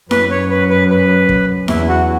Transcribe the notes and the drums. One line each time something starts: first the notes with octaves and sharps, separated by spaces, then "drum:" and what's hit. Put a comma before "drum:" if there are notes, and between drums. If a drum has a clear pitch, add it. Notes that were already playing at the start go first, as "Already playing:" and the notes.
F#2 B4, drum: snare E4
C#5
B4
B4
B4
drum: kick
E2 E4, drum: snare E4
F#4